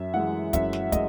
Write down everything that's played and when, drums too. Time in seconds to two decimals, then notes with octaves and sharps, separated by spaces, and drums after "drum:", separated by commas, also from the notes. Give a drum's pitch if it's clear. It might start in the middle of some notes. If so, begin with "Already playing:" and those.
Already playing: F#2 E5
0.14 E3 G#3 F#5
0.53 F#2 E5, drum: kick, hi-hat
0.73 drum: snare
0.92 G#3 D#5, drum: kick, hi-hat